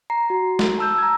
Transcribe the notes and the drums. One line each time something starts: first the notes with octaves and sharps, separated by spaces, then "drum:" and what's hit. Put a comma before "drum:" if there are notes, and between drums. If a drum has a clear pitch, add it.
A#5 C7
F#4
drum: snare
A5 E6 G6
A#5 G#6